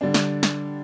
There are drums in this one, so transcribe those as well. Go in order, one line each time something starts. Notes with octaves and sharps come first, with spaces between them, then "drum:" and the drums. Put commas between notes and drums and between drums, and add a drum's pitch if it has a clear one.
D3 G3 D4
drum: snare
drum: snare